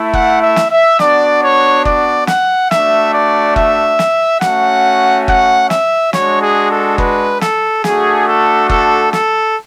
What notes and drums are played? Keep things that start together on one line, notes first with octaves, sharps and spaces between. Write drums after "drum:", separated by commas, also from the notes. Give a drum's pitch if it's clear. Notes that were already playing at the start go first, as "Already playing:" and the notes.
Already playing: A3 E4
F#5, drum: kick F#1
E5
drum: snare
E5
B3 D4 F#4 D5, drum: snare
C#5
D5, drum: kick F#1
F#5, drum: snare
A3 D4 F#4 E5, drum: snare
D5
E5, drum: kick F#1
drum: snare
A3 C#4 F#4 F#5, drum: snare
F#5, drum: kick F#1
E5, drum: snare
G#3 D4 F#4 C#5, drum: snare
G#4
A4
B4, drum: kick F#1
A4, drum: snare
A3 D4 F#4 G#4, drum: snare
A4
A4, drum: kick F#1
A4, drum: snare